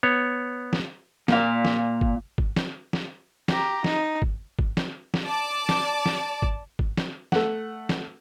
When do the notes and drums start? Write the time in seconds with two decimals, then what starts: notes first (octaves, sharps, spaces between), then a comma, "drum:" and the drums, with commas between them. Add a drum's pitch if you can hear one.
0.03 B3 C#5
0.73 drum: snare
1.28 A#2 F5, drum: snare
1.65 drum: snare
2.01 drum: kick G#1
2.38 drum: kick G#1
2.56 drum: snare
2.93 drum: snare
3.48 G4 A#5, drum: snare
3.84 D#4, drum: snare
4.22 drum: kick G#1
4.59 drum: kick G#1
4.77 drum: snare
5.14 drum: snare
5.25 D5 A5 D6
5.69 drum: snare
6.06 drum: snare
6.42 drum: kick G#1
6.79 drum: kick G#1
6.97 drum: snare
7.32 A3 F#5, drum: snare
7.89 drum: snare